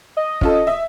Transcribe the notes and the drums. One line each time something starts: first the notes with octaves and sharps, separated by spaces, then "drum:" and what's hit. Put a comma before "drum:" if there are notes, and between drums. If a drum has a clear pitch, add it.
D#5
C#4 F4 A4, drum: kick
E5